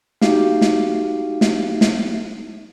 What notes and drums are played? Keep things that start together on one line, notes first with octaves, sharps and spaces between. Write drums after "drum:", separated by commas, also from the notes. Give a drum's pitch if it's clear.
D#4 F#4 G4 F5, drum: snare
drum: snare
drum: snare
drum: snare